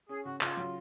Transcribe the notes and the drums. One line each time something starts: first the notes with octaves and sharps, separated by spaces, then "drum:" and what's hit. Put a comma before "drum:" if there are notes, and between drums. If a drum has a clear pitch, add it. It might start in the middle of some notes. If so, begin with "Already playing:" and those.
C#4 G#4
C#3 F#4
C#3 F4, drum: clap
F#3